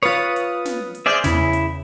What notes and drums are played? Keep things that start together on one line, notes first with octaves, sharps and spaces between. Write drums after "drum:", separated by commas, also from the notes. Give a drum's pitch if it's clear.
F4 B4 C#5 D#6
drum: hi-hat
drum: snare
drum: hi-hat
G#4 C5 D5 E5 F6 G6
E2 C#3 E4, drum: snare
drum: hi-hat